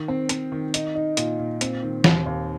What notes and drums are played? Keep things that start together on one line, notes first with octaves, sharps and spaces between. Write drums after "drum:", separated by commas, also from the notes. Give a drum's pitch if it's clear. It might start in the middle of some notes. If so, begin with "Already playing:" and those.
Already playing: D#3
C4
C4, drum: hi-hat
D#3
D#4, drum: hi-hat
D#4
A#2, drum: hi-hat
A#2
C4, drum: hi-hat
D#3
D#2, drum: snare E3
D#2